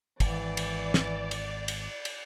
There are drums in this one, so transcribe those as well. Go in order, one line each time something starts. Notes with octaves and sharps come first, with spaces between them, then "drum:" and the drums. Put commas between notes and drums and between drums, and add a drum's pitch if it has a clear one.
G#1 E3 D5, drum: kick, cymbal
drum: cymbal
drum: snare
drum: cymbal
drum: cymbal
drum: cymbal